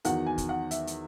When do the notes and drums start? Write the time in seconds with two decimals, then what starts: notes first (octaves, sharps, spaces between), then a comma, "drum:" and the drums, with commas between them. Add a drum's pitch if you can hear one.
0.05 E2 D#3 F#3 F#5, drum: hi-hat
0.27 G#5
0.38 drum: kick, hi-hat
0.49 F#5
0.71 E5, drum: hi-hat
0.87 drum: hi-hat